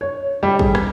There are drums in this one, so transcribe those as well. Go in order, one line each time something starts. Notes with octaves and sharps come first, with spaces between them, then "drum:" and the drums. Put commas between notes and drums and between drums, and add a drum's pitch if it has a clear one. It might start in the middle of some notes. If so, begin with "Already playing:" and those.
C#5
G3
G#4, drum: kick
drum: rim click